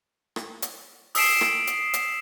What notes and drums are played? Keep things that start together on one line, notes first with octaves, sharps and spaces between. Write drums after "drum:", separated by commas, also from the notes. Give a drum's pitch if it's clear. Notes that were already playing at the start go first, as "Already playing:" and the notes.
drum: rim click
drum: hi-hat
D#6 E6 B6 C7 D7 E7, drum: open hi-hat
drum: rim click
drum: hi-hat
drum: hi-hat